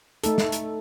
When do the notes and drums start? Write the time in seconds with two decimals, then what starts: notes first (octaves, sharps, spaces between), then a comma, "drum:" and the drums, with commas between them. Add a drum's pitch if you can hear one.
0.24 A3 D#4 A4, drum: hi-hat
0.38 drum: snare
0.52 drum: hi-hat